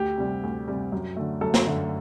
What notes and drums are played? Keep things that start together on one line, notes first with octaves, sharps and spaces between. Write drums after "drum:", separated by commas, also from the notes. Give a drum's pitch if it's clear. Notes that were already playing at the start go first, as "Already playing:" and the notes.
Already playing: D2 G4
C3 G3
D2
C3 G3
F#2
D3 A3
F#2 A4
drum: snare
D3 A3